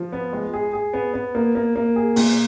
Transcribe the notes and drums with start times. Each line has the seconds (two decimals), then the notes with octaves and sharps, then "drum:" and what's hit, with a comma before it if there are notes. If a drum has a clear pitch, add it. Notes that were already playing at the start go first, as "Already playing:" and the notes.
Already playing: F3
0.12 B3
0.33 G#3
0.53 G#4
0.73 G#4
0.93 B3
1.14 B3
1.35 A#3
1.55 A#3
1.76 A#3
1.96 G#4
2.16 A#2, drum: open hi-hat